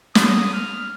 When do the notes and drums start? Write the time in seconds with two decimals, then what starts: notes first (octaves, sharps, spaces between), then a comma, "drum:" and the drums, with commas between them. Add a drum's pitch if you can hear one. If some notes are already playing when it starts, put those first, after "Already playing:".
0.15 D#6, drum: snare
0.54 F6